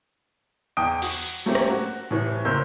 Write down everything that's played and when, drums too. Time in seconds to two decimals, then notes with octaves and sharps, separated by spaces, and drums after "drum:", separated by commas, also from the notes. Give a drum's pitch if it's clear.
0.77 E2 G5 D#6 D7
1.02 F#4, drum: cymbal
1.46 F#3 A3 A#3 C4 C#4 G4
1.55 drum: rim click
1.70 F#4
2.11 A2 C3 E3
2.45 F#1 C4 A#4 C6 E6 G6